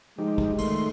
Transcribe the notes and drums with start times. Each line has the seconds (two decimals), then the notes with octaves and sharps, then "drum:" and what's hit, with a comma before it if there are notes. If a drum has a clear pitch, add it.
0.18 F3 G#3 D#4 G4
0.38 drum: kick
0.58 D#3 A3 C6, drum: cymbal